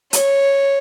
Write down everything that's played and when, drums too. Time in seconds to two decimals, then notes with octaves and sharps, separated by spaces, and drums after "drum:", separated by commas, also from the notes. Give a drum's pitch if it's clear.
0.13 C#5, drum: hi-hat